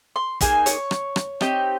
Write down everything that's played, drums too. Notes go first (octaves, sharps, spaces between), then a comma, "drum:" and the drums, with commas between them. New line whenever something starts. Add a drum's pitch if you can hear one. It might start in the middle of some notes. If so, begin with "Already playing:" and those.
C6
A#3 D#4 G#4 G#5, drum: kick, hi-hat
C#5, drum: hi-hat
drum: rim click
drum: rim click
C4 D#4 G4, drum: rim click